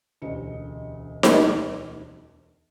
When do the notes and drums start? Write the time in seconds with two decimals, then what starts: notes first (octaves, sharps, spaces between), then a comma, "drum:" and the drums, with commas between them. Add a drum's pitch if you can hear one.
0.22 E1 D2 C#4 G4 D#5 C#7
1.23 drum: snare D#4